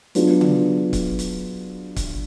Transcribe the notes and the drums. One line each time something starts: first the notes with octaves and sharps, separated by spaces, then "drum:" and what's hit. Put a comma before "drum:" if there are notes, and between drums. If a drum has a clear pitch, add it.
F#3 B3 D4 F4 G#4, drum: hi-hat
drum: tom C#3
drum: kick C#1, hi-hat
drum: hi-hat
drum: kick C#1, hi-hat